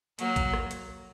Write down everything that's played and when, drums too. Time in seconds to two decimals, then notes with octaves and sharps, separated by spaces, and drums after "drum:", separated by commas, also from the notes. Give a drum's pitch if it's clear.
0.19 F#3 A#3, drum: hi-hat
0.36 drum: kick A1, hi-hat
0.53 drum: rim click
0.71 drum: hi-hat